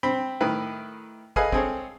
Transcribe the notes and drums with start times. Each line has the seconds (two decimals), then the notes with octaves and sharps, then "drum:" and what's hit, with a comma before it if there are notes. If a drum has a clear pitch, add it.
0.03 C4 G5 B5
0.41 A2 D#3 B4
1.36 G#4 A4 B4 D#5 F5 G#5, drum: kick
1.52 C4 G#4 A4 C#5, drum: kick